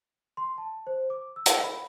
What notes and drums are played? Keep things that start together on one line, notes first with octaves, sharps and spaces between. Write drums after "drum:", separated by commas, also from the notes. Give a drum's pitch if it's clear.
C6
A5
C5
D6
E6
drum: hi-hat
B5